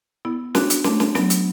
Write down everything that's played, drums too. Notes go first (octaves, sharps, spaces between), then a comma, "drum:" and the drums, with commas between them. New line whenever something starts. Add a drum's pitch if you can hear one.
B3 E4
D4 F#4, drum: snare
drum: hi-hat
A3 D4, drum: snare
drum: snare
F#3 B3, drum: snare
drum: hi-hat